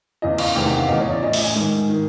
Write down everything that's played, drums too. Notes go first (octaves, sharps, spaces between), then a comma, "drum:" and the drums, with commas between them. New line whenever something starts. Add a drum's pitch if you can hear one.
E2 C#3 E3 D#5
F5, drum: cymbal
E2 C3 D#3 G5
F#5
F5
E2 C#3 E3 D#5
C#5
D5
A2 E3 D#5
E5, drum: open hi-hat
G#5
G#2 D#3
D#3